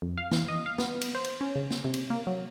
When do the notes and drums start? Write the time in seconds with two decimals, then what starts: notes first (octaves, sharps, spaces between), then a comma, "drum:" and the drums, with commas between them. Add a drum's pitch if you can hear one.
0.02 F2
0.18 F5
0.31 E3, drum: snare
0.48 D#5
0.66 F5
0.78 B3, drum: snare
1.01 drum: cymbal
1.15 C5
1.24 drum: cymbal
1.41 C#4
1.56 C#3
1.71 drum: snare
1.84 C3
1.94 drum: cymbal
2.10 A#3
2.27 F#3